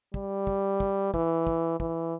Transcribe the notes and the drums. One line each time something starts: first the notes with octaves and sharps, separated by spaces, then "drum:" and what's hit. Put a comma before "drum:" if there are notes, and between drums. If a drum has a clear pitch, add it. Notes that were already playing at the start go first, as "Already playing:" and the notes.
G3, drum: kick
drum: kick
drum: kick
E3, drum: kick
drum: kick
E3, drum: kick